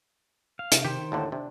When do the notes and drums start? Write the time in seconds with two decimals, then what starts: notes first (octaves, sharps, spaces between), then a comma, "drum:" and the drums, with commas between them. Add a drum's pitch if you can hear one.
0.59 F5
0.72 C3, drum: hi-hat
0.85 D#3 G4 C5
1.12 D#2 A2 D3 D#4
1.32 C3 D4